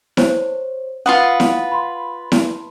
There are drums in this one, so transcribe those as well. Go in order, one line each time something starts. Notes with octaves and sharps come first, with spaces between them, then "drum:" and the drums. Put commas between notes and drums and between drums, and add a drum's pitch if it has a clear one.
C5 C#5, drum: snare E4
F4 B4 F#5 D#6
drum: snare E4
B5 C6
drum: snare E4